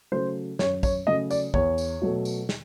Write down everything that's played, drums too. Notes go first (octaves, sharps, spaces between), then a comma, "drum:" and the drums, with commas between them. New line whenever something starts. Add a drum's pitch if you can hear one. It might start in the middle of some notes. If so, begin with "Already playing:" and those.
C#3 F#3 A3 C5
F#2 C#5, drum: snare
C#5, drum: kick, tambourine
C#3 F#3 A3 D#5
D5, drum: tambourine
E2 C#5, drum: kick
drum: tambourine
B2 F#3 A3
drum: tambourine
drum: snare